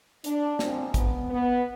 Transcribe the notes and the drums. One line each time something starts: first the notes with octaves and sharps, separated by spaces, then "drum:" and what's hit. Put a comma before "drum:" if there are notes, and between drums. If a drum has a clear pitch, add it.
D4, drum: hi-hat
A#2 F3 G#3 C4, drum: snare
B3, drum: kick, hi-hat
B3